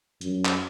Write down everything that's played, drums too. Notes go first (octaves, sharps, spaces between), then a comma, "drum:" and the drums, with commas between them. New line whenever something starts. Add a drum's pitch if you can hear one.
F#2, drum: hi-hat
drum: clap